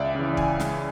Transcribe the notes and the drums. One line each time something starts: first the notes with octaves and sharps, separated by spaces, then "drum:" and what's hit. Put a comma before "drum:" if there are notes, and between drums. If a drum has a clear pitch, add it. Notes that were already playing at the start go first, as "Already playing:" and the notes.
Already playing: C#2 D5 E5
C#3 E3
G#5, drum: kick
drum: snare